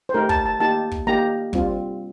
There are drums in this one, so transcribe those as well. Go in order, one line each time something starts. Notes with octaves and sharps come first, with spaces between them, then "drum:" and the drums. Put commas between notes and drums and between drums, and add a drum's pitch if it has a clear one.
C5
A3 D#4 G4 A#4
A5, drum: kick
A5
A#3 D#4 G4 A5
drum: kick
A#3 D#4 G4 A#5
G3 C4 F4, drum: kick